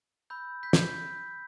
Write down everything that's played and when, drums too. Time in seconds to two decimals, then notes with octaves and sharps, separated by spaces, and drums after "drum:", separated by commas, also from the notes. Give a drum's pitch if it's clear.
0.30 B5 E6 G6
0.63 G6 B6
0.73 drum: snare
0.91 G6